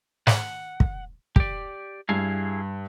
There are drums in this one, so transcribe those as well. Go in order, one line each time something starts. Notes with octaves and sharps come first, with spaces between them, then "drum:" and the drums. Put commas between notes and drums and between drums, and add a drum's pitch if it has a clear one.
F#5, drum: snare
drum: kick
G4 D5, drum: kick
G2 E4 G#4 F5